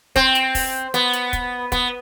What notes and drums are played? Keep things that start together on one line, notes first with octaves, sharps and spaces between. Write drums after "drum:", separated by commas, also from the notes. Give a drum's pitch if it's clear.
C4, drum: kick, hi-hat
drum: hi-hat
drum: kick, open hi-hat
B3, drum: hi-hat
drum: hi-hat
drum: kick, hi-hat
B3, drum: kick, hi-hat